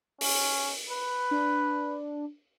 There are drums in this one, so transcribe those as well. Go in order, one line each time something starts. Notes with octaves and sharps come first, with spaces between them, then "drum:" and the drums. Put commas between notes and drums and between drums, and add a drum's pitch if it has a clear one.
C#4, drum: open hi-hat
B4
D4